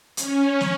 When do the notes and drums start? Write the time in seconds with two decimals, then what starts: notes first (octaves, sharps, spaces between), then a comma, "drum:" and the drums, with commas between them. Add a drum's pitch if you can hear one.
0.17 C#4, drum: hi-hat
0.61 drum: snare